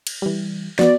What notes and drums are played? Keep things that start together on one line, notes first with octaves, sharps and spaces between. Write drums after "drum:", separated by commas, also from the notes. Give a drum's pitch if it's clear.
drum: cymbal
E3 G3
B3 F#4 D5, drum: snare